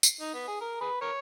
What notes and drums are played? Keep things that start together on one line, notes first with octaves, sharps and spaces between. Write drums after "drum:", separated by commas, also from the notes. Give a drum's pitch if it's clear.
drum: tambourine
D#4
B3
G#4
A#4
G#4 B4
A#4 C#5